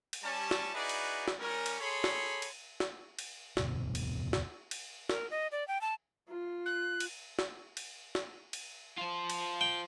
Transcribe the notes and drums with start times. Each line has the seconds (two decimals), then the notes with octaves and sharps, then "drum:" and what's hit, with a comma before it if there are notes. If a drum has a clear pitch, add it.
0.13 drum: cymbal
0.23 G3 C#4 A5
0.51 drum: snare
0.74 D#4 E4 F#4 G#4 B4 D5
0.89 drum: cymbal
1.28 drum: snare
1.39 G3 C#4 A#4
1.66 drum: cymbal
1.80 G#4 A4 C#5 B5 C6
2.04 drum: snare
2.42 drum: cymbal
2.80 drum: snare
3.19 drum: cymbal
3.57 E1 D2 G2 B2, drum: snare
3.95 drum: cymbal
4.33 drum: snare
4.71 drum: cymbal
5.09 A#4, drum: snare
5.31 D#5
5.52 D5
5.68 G5
5.81 A5
6.28 F4
6.65 F#6
7.00 drum: cymbal
7.39 drum: snare
7.77 drum: cymbal
8.15 drum: snare
8.53 drum: cymbal
8.98 F4 C5
9.30 drum: cymbal
9.61 G5